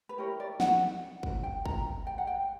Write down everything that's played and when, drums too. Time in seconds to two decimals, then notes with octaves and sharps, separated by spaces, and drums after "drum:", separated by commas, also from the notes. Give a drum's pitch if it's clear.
0.09 B4
0.18 E4 G4 A#4 C#5
0.40 D5
0.60 F#5, drum: snare
1.23 drum: kick
1.43 G5
1.66 A#5, drum: kick
2.07 G5
2.18 F#5
2.27 G5